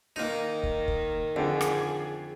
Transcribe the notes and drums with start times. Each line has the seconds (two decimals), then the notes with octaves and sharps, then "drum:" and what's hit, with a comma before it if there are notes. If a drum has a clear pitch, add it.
0.16 D#3 A#3 D#4
0.63 drum: kick
0.88 drum: kick
1.36 F2 D3 G#4
1.61 drum: rim click